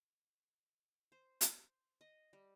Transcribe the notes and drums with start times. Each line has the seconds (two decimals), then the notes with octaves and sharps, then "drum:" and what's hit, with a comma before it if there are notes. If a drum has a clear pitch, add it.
1.12 C5
1.41 drum: hi-hat
2.01 D#5
2.33 G3